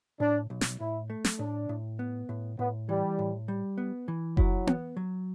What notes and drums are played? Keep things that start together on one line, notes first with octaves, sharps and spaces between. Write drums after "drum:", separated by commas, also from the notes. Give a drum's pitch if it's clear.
A2 D4
B1
drum: snare
A2 E4
A3
drum: snare
A2 D4
A2
B3
A2
A2 B3
E3 G3
A2
G3
B3
E3
F#3 E4, drum: kick F#1
B3, drum: tom B3
F#3